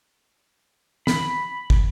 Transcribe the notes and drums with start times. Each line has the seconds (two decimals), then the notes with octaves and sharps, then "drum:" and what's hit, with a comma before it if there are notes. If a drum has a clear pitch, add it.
1.07 B5, drum: snare
1.70 drum: kick